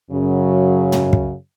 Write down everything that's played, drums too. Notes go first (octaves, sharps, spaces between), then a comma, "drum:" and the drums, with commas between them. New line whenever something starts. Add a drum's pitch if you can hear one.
F#2 C#3 F#3
drum: tom
drum: kick